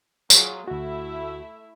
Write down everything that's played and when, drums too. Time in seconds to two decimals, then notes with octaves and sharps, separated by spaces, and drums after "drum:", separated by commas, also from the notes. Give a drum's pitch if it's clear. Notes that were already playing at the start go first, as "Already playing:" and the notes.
0.30 F#3 F4 G#4, drum: tambourine
0.68 D2 A3 E4 F#4 E5